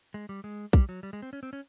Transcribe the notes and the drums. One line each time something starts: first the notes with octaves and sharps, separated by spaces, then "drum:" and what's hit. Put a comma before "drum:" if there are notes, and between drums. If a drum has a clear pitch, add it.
G#3
G3
G#3
G3, drum: kick
F#3
G3
G#3
C4
C#4
C4
C#4